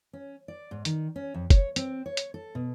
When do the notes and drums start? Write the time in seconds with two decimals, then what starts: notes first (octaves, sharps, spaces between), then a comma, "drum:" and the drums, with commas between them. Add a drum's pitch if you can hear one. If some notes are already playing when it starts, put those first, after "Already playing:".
0.13 C#4
0.48 D5
0.71 G#2
0.85 D#3, drum: hi-hat
1.16 C#4
1.34 F2
1.50 C#5, drum: kick F#1, hi-hat
1.76 C4, drum: hi-hat
2.06 C#5
2.17 drum: hi-hat
2.34 A4
2.55 B2